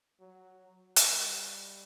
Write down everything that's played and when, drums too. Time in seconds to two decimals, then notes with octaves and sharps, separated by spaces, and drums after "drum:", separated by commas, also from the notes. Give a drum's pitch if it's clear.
0.20 F#3
0.96 drum: hi-hat
1.10 G3